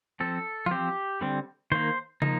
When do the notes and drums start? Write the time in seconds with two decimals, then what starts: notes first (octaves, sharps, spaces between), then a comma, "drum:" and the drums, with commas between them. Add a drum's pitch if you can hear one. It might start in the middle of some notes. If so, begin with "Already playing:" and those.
0.20 F3 C4 A4
0.66 F4, drum: tom E3
0.71 F3 C4 G4
1.21 D3 G3 C4
1.72 D#3 A#3 C5
2.22 F3 A#3 D#4, drum: tom